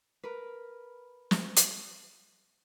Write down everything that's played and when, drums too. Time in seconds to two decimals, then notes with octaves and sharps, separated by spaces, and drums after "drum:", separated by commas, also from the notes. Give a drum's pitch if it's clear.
0.24 A#4 B4
1.31 drum: snare
1.56 drum: hi-hat